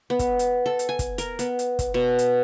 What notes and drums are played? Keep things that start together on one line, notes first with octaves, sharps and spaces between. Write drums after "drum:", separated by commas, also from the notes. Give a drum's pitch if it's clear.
B3
drum: kick, hi-hat
drum: hi-hat
A4
drum: hi-hat
G#5
drum: kick, hi-hat
A#4, drum: hi-hat
B3, drum: hi-hat
drum: hi-hat
drum: kick, hi-hat
B2
drum: hi-hat